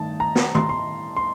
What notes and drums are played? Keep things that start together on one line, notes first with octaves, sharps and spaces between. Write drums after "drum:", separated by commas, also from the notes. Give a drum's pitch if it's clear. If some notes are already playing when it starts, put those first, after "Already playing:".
Already playing: G2 D#3 A3 D#4 A5
A#5
drum: snare
C6, drum: tom D#3
C6
C6